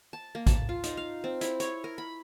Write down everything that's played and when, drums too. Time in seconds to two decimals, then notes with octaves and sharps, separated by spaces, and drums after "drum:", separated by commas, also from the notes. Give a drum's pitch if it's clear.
0.13 A5
0.35 A#3
0.47 A5, drum: kick A1, hi-hat
0.69 F4
0.84 D#4, drum: hi-hat
0.97 F5
1.24 C4
1.41 E4, drum: hi-hat
1.60 C#5, drum: hi-hat
1.84 A#4
1.98 B5